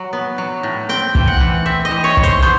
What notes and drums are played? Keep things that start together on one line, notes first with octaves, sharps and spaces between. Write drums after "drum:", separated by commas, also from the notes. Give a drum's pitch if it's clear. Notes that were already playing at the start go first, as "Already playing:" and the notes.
Already playing: F#3
B3
F#3
A2
C4 G5
E3, drum: kick
F#5
E3
C4 E5
D#5
E3
C#5
E3, drum: kick
C5
B3 C5